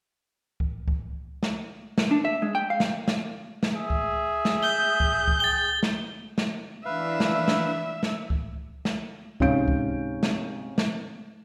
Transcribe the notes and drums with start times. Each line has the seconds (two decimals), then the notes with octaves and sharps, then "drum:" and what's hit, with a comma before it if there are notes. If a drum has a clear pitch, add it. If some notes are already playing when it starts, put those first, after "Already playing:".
0.60 drum: kick C#2
0.88 drum: kick C#2
1.43 drum: snare
1.98 drum: snare
2.11 D4
2.25 E5
2.42 G#3
2.55 G5
2.70 F5
2.80 drum: snare
3.08 drum: snare
3.63 drum: snare
3.75 G#4 E5
3.90 drum: kick C#2
4.45 drum: snare
4.63 G6 G7
5.00 drum: kick C#2
5.28 drum: kick C#2
5.40 G5 A6 G7
5.83 drum: snare
6.38 drum: snare
6.85 E3 D4 B4 E5 F5
7.20 drum: snare
7.48 drum: snare
8.03 drum: snare
8.30 drum: kick C#2
8.85 drum: snare
9.40 G#2 C3 C#4 F5 G6 D7, drum: kick C#2
9.68 drum: kick C#2
10.23 drum: snare
10.78 drum: snare